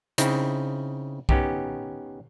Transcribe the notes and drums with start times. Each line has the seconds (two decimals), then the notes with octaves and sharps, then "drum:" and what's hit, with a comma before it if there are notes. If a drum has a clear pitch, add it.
0.18 C#3 C4 D#4 E4, drum: hi-hat
1.29 B3 C#4 D#4 G4, drum: kick